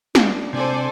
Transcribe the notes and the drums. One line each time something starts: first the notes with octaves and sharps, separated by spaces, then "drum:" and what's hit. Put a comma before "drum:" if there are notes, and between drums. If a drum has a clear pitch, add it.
D4, drum: snare
C3 A4 C5 D5 G#5